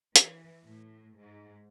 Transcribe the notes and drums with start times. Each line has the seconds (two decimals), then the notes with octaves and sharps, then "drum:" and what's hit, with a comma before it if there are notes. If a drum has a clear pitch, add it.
0.16 E3, drum: hi-hat
0.67 A2
1.19 G#2